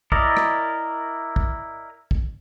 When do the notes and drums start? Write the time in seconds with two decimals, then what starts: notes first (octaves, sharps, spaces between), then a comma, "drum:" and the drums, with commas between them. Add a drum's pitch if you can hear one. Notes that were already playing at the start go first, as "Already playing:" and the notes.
0.12 E4 A#4 D5 D#5, drum: kick
0.37 drum: rim click
1.36 drum: kick
2.11 drum: kick